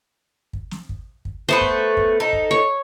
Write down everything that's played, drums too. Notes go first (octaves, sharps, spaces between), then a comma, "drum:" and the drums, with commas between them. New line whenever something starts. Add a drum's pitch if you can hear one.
drum: kick
drum: snare
drum: kick
drum: kick
A3 B3 B4 C5
drum: kick
drum: kick
D#4 A4
drum: kick
C#5